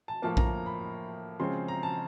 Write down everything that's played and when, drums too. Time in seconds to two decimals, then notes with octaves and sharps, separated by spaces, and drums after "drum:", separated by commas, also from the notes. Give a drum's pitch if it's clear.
0.08 A5
0.22 A2 F3 A#3 A5
0.37 A#5, drum: kick A#1
0.66 B5
1.40 C#3 F3 G#3 C4 C6
1.68 A#5
1.83 A5